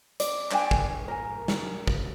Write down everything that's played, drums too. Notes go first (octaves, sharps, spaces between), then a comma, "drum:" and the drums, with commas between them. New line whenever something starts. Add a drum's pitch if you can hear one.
D5, drum: hi-hat
D4 D5 G5 G#5, drum: clap
drum: kick
A#4 G#5
drum: snare
drum: kick